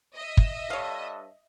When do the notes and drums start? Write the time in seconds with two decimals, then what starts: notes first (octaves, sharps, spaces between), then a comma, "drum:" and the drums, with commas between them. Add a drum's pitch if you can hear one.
0.16 D#5 E5
0.37 drum: kick
0.70 G2 A4 C#5 F5